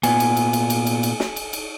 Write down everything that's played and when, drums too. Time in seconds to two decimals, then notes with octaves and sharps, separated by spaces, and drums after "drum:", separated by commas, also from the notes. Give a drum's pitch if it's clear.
0.03 A#2 B3 G#5, drum: cymbal
0.20 drum: cymbal
0.37 drum: cymbal
0.53 drum: cymbal
0.70 drum: cymbal
0.87 drum: cymbal
1.03 drum: cymbal
1.20 drum: snare
1.36 drum: cymbal
1.53 drum: cymbal